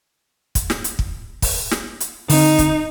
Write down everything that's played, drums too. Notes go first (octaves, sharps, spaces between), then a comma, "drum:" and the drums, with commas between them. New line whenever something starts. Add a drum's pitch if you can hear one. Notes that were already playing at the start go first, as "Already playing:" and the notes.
drum: kick, hi-hat
drum: snare
drum: hi-hat
drum: kick
drum: kick, open hi-hat
drum: snare
drum: hi-hat
D3 C4 D#4, drum: open hi-hat
drum: kick, hi-hat